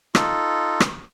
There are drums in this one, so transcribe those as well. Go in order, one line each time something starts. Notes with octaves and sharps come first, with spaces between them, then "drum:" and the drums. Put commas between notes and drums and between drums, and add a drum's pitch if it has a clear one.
D#4 F4 A4, drum: rim click
drum: rim click